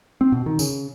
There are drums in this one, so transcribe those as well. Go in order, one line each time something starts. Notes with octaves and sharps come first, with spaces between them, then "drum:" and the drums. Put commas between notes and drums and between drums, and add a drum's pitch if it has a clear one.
C4
B2
D#3
C#3, drum: tambourine